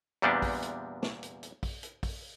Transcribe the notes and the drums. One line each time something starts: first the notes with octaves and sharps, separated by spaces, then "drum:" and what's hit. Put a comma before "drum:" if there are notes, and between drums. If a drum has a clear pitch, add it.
E2 A#2 G3 B3 C4 D4
drum: kick, open hi-hat
drum: hi-hat
drum: snare
drum: hi-hat
drum: hi-hat
drum: kick, open hi-hat
drum: hi-hat
drum: kick, open hi-hat